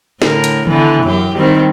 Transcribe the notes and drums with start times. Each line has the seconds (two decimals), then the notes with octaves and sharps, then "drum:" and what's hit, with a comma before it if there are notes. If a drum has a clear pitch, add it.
0.22 A2 D3 A#4, drum: snare
0.44 drum: hi-hat
0.67 D3 E3 B3, drum: tom D#3
1.03 F#2 G4
1.36 D#3 G3 C4